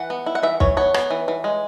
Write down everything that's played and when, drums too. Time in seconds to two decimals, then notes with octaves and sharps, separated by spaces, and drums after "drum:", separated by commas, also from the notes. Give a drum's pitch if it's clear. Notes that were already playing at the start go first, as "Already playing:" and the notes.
Already playing: E3 F#5
0.10 B3
0.26 E4
0.35 F#5
0.43 E3 E5
0.60 E3 C#5, drum: kick
0.77 B3 C#5
0.94 B3, drum: rim click
1.11 E3
1.28 E3
1.44 G#3